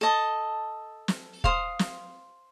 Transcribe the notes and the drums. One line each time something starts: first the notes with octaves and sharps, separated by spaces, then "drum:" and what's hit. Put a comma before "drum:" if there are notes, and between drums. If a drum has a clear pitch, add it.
A4 D#5 A5
drum: snare
C5 F5 C6 D#6, drum: kick
drum: snare